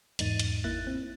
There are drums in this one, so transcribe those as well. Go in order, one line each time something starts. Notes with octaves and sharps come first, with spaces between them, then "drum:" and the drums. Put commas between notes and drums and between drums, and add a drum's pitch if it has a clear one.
E2 G#2 D#4 A6 D#7, drum: hi-hat
drum: hi-hat
G#1 A#3 E4 F#6 A6
C4